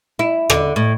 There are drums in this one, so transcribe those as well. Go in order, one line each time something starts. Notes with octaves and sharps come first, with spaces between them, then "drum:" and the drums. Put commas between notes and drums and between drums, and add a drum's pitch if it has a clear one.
E4
D3, drum: rim click
A2